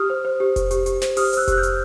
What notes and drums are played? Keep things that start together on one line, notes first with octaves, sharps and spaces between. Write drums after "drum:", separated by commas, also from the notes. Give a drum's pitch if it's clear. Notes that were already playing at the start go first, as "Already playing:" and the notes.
Already playing: G4 D#6 F6
C5
C5
G4
G4, drum: kick F1, hi-hat
G4, drum: hi-hat
G4, drum: hi-hat
C5, drum: snare
G4 D#6 F6, drum: open hi-hat
C5 E6 F#6, drum: hi-hat
G4 F#6, drum: kick F1, hi-hat
F6 G6
G4, drum: hi-hat